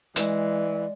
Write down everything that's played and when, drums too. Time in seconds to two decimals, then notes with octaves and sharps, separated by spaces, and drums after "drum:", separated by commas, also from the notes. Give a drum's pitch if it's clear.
0.16 E3 G#3 D5, drum: hi-hat